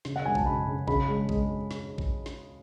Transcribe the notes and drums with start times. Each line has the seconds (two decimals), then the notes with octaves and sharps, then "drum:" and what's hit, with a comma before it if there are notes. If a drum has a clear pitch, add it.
0.05 C#3, drum: snare
0.16 F#5
0.25 G#3 G#5
0.35 A5, drum: kick A1
0.46 C#3 B5
0.67 C#3
0.87 C#3 B5, drum: kick A1
1.09 G#3
1.29 G#3, drum: kick A1
1.71 drum: snare
1.98 drum: kick A1
2.26 drum: snare